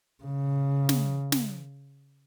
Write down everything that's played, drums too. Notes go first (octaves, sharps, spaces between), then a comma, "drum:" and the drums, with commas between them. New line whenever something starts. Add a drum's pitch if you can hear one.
C#3
drum: snare
drum: snare